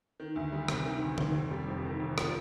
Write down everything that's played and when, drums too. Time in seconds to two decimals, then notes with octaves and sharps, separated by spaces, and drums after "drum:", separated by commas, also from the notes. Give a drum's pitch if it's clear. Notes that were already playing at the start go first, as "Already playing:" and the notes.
0.20 D#3
0.36 D2
0.52 G3
0.68 C3, drum: rim click
0.86 D#3
1.01 D2
1.18 D#3, drum: tom D3
1.35 F1
1.51 G3
1.67 F2
1.85 D#3
2.00 F1
2.18 F3, drum: rim click